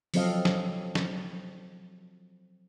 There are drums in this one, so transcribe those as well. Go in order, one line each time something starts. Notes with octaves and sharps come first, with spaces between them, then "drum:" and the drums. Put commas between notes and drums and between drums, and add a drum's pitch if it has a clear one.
F3 F#3 C4 A4 D#5 F5, drum: open hi-hat
drum: snare
drum: snare